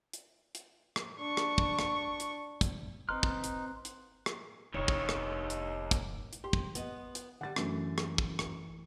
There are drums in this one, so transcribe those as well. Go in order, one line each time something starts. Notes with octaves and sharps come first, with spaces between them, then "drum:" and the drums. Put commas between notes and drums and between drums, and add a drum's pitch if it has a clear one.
drum: hi-hat
drum: hi-hat
drum: rim click
D4 C#6
drum: rim click
drum: kick
drum: rim click
drum: hi-hat
drum: kick, hi-hat
F#1 C4 D#4 B4 C6 F6 F#6
drum: kick
drum: hi-hat
drum: hi-hat
drum: rim click
F1 D#3 D4 C#5
drum: kick
drum: rim click
drum: hi-hat
drum: kick, hi-hat
drum: hi-hat
G4 C6
drum: kick
B3 D#5, drum: hi-hat
drum: hi-hat
D3 G3 F#5 A6
F#2 E3 A3 D4, drum: rim click
drum: rim click
drum: kick
drum: rim click